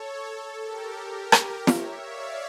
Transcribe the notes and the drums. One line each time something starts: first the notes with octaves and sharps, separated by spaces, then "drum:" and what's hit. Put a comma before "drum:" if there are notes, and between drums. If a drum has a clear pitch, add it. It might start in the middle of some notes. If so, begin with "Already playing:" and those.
Already playing: A4 C#5
A4
G4 A#4
G4 A#4
G4, drum: rim click
C#5 E5, drum: snare
D5 F5